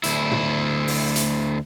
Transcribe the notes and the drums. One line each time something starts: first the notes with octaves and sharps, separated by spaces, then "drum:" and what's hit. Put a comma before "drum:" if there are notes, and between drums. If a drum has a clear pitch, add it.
D2 E4, drum: hi-hat
drum: tom
drum: open hi-hat
drum: hi-hat